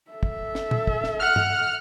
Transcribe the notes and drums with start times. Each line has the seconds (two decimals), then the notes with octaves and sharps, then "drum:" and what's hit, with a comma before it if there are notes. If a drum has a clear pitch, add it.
0.11 A4 E5
0.23 drum: kick
0.55 drum: snare
0.71 drum: tom
0.87 drum: kick
1.04 drum: snare
1.20 F#5 F6
1.36 drum: tom G2